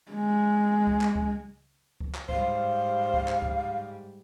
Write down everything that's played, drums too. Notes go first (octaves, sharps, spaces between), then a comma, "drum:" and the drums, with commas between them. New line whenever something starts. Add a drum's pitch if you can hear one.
G#3
drum: kick C#2
drum: clap
drum: kick C#2
drum: kick C#2
drum: clap
G#2 G3 C5 F5, drum: kick C#2
drum: kick C#2
drum: clap
drum: kick C#2